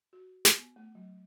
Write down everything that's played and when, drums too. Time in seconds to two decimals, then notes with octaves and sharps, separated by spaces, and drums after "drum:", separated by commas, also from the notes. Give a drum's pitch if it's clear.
0.13 F#4
0.45 drum: snare
0.58 B3
0.76 A3
0.95 F#3